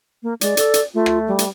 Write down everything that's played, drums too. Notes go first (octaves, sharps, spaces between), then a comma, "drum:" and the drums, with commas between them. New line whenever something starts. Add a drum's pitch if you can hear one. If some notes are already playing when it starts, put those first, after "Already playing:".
A#3
G#3 D5, drum: hi-hat
A4, drum: hi-hat
drum: hi-hat
A3 F4
drum: rim click
G3
drum: hi-hat